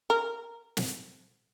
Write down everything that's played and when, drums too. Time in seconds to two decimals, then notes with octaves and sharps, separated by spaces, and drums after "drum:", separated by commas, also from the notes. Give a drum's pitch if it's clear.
0.10 A#4
0.77 drum: snare